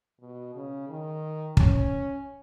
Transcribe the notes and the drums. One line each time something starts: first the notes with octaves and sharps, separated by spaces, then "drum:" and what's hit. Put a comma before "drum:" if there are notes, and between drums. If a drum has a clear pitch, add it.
B2
C#3
D#3
C#4, drum: kick